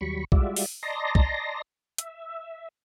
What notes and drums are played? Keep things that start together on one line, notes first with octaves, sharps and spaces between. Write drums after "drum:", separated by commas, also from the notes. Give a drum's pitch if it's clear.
D#2 F#3 G3 B5 C#6
G3 G#3 F4 F#4 D5 E5, drum: kick
drum: open hi-hat
D5 D#5 A5 A#5 C6 A#6
drum: kick
E5, drum: hi-hat